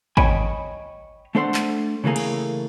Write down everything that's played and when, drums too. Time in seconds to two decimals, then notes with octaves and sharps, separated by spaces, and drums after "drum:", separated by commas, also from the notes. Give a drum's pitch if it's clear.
0.17 C#5 D#5 G5 G#5 B5, drum: kick G#1
1.35 A3 D4 A4 C5 F#5 C6
1.54 drum: clap
2.04 C#3 E3 A3 A#3 G#4
2.16 drum: cymbal